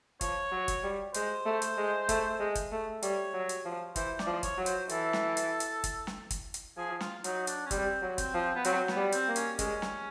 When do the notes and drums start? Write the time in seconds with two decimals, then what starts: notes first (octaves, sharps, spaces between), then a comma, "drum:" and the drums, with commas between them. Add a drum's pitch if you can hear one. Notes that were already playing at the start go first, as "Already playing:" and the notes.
0.21 F3 C#5, drum: kick, hi-hat
0.52 F#3
0.68 drum: kick, hi-hat
0.84 G3
1.14 G#3 C5, drum: hi-hat
1.46 A3
1.62 drum: hi-hat
1.77 G#3
2.09 A3, drum: kick, hi-hat
2.40 G#3
2.55 drum: kick, hi-hat
2.72 A3
3.03 G3 C#5, drum: hi-hat
3.34 F#3
3.49 drum: hi-hat
3.65 F3
3.96 E3 C5, drum: kick, hi-hat
4.19 D5, drum: snare
4.27 F3
4.43 C#5, drum: kick, hi-hat
4.58 F#3
4.66 C5, drum: hi-hat
4.89 E3 A4, drum: hi-hat
5.13 drum: snare
5.37 drum: hi-hat
5.60 drum: hi-hat
5.84 drum: kick, hi-hat
6.07 drum: snare
6.30 drum: kick, hi-hat
6.54 drum: hi-hat
6.77 F3 G#4
7.01 F4, drum: snare
7.24 F#3 D#4, drum: hi-hat
7.42 D#4
7.47 D4, drum: hi-hat
7.66 C#4
7.71 G3 C4, drum: kick, hi-hat
8.02 F#3
8.18 C4, drum: kick, hi-hat
8.34 F3
8.55 B3
8.65 F#3 C4, drum: hi-hat
8.88 B3, drum: snare
8.96 G3
9.12 C4, drum: hi-hat
9.28 A#3
9.36 C#4, drum: hi-hat
9.59 G#3 C#4, drum: kick, hi-hat
9.82 drum: snare